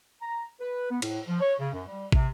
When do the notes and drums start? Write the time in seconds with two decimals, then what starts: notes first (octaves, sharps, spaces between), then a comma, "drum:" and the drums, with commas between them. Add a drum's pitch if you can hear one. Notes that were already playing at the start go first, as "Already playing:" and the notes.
0.22 A#5
0.61 B4
0.91 B3
1.02 A2, drum: cymbal
1.28 F3
1.41 C#5
1.59 C#3
1.74 F#2
1.88 G3
2.12 C3, drum: kick